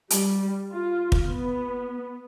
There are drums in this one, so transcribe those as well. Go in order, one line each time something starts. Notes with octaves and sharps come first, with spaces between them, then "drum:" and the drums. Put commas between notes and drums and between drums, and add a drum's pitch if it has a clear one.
G3, drum: hi-hat
F4
drum: kick
B3